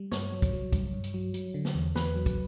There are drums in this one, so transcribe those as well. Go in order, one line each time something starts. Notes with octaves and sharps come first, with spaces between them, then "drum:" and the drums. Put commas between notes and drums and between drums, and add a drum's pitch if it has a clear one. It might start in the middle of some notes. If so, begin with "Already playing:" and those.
Already playing: G3
G2 C#5, drum: snare
F#3
drum: kick, hi-hat
F#3
G2, drum: kick, hi-hat
G2
drum: hi-hat
F#3
F#3, drum: hi-hat
D3
drum: snare
E2
E2 B4, drum: snare
F#3
drum: kick, hi-hat